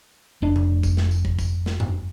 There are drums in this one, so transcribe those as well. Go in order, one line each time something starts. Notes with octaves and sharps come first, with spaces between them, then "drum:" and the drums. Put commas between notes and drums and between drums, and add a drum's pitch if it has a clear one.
F1 D4
drum: tom C3
drum: kick, tambourine
drum: snare
drum: tambourine
drum: kick
drum: kick, tambourine
drum: snare
drum: tom F#2